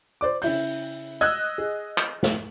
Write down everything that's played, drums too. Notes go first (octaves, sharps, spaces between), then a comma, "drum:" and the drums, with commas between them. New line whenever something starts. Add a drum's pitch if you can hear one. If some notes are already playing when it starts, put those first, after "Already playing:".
C5 D5 D6
C#3 E4 G6, drum: open hi-hat
D#5 E6 F#6 G#6
G#4
drum: clap
drum: snare